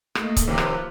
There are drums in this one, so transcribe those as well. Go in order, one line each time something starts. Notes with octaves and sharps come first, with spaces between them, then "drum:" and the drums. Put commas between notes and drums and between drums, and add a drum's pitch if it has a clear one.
A3 A#3 D#4, drum: rim click
drum: kick C#1, hi-hat
D#2 C3 F3 B4
drum: rim click